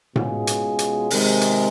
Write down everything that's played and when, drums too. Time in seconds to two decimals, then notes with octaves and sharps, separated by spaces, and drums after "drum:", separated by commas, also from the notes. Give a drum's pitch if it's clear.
0.16 B2 G#3 C#4 F4 G#4, drum: tom A2
0.47 drum: hi-hat
0.79 drum: hi-hat
1.10 C3 D#3 G#3, drum: open hi-hat
1.41 drum: hi-hat